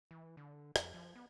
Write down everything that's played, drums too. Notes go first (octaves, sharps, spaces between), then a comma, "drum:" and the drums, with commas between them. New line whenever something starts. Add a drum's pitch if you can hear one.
E3
D3
F2, drum: rim click
F3
B3